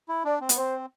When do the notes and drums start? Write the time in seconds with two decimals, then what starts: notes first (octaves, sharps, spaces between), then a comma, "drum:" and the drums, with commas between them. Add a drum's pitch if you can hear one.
0.09 E4
0.25 D4 D5
0.41 C4
0.49 B3, drum: hi-hat
0.57 C4 C5